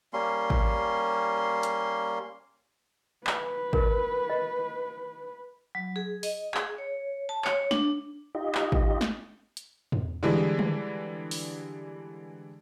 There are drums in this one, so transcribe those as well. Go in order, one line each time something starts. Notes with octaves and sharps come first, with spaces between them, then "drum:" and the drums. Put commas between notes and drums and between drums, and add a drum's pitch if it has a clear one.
G3 A#3 C#4 C6
drum: kick G#1
drum: hi-hat
B4, drum: clap
A#4, drum: kick G#1
D#5
F#3
G#4
D#5, drum: open hi-hat
G#4, drum: clap
C#5
A5
C#5, drum: clap
D4, drum: snare
D#4 F4 G4 D#5
drum: clap
drum: kick G#1
drum: snare
drum: hi-hat
drum: tom
D3 E3 G3 G#3
drum: tom
drum: open hi-hat